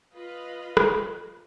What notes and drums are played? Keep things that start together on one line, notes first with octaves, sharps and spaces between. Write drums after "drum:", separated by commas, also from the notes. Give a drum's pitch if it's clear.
F4 B4 D#5 F5 B5
drum: rim click